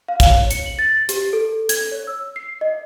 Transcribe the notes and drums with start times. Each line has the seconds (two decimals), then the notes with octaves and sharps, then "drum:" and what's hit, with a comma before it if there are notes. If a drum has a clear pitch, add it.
0.08 F5
0.20 drum: kick, hi-hat
0.30 C#5
0.51 C#7, drum: hi-hat
0.66 F#7
0.79 A6
1.09 G4, drum: hi-hat
1.33 A4
1.69 G#6, drum: hi-hat
1.92 C#5
2.07 E6
2.36 C7
2.61 D#5